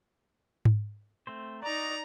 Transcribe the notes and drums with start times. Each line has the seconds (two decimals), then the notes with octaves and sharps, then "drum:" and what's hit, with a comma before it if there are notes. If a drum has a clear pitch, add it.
0.65 drum: tom G#2
1.27 A3 C4 C5
1.63 D#4 F#4 D5 D#5 A#5